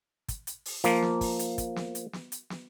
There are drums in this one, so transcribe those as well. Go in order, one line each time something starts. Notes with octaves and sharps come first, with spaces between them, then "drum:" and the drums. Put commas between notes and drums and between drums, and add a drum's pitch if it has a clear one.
drum: kick, hi-hat
drum: hi-hat
drum: open hi-hat
F3 A#3, drum: hi-hat
drum: snare
drum: kick, open hi-hat
drum: hi-hat
drum: kick, hi-hat
drum: snare
drum: hi-hat
drum: snare
drum: hi-hat
drum: snare